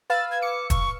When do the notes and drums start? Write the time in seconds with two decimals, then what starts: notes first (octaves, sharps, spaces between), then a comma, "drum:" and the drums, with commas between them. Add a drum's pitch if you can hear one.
0.10 B4 F5 E6 A6
0.31 G#6
0.42 D6 C#7
0.70 C#6, drum: kick, hi-hat